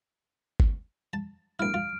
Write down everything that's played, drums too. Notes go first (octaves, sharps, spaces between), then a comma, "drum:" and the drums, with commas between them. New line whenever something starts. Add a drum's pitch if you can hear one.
drum: kick G1
A5
A#1 E4 F6 D7
F4